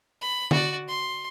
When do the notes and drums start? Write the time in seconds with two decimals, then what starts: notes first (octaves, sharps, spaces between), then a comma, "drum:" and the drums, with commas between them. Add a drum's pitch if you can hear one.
0.21 B5
0.51 F#4 D5, drum: tom D3
0.88 C6